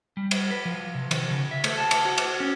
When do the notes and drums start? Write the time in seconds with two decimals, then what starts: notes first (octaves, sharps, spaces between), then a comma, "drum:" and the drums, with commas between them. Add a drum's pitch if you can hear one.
0.17 G3
0.31 drum: cymbal
0.51 B4
0.65 F3
0.95 C3
1.11 D#3, drum: cymbal
1.30 C#3
1.51 E5
1.64 A3, drum: cymbal
1.78 A5
1.91 drum: cymbal
2.05 F#4
2.18 drum: cymbal
2.40 C#4